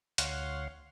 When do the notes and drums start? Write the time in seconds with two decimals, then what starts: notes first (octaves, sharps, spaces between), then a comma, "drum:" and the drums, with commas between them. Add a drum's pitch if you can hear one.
0.18 D2 C#5 F5 F#5 C6, drum: hi-hat